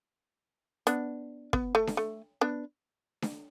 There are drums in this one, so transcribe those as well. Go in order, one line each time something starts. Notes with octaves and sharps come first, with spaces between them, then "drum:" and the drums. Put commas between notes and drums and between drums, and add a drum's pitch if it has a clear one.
B3 D4, drum: hi-hat
B3, drum: kick
A3
drum: snare D4
A3
B3 D4
drum: snare D4